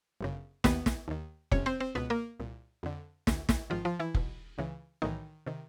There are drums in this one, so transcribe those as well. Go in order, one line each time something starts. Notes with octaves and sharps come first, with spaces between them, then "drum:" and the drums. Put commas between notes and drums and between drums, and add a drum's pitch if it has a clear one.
G1 F#2 C#3
D#2 D#3 B3 B4, drum: snare
drum: snare
D#2 D#3
G1 F2 C3 C#4 C#5, drum: kick F1
C4 C5
C4 C5
C#2 B2 B3 B4
A#3 A#4
C2 A#2
F2 D3
D2 D3, drum: snare
drum: snare
G#1 G#2 D#3 F3 F4
F3 F4
E3 E4
B1 B2, drum: kick F1
C#2 C#3 E3
B1 A2 D#3 E3 D#4
C3 D#3